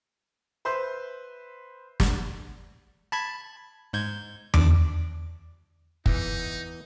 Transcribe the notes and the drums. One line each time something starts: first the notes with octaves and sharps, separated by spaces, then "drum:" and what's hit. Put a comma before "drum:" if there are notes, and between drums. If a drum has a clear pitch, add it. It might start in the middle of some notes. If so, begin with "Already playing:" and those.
B4 C5 E5 C6 G6
drum: snare
A5 B5 G#6
G#2 G6 G#6
D4 D6, drum: tom E2
E2 E3 D#4, drum: kick